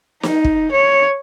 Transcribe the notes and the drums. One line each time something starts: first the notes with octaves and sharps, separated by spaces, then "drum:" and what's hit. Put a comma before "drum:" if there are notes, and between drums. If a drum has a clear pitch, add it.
D#4, drum: snare
drum: kick
C#5